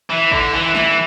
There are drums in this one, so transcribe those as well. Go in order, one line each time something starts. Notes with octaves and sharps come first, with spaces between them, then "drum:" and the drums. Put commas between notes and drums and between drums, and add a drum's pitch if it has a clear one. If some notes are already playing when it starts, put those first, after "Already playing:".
E3
D3, drum: kick
E3
E3, drum: snare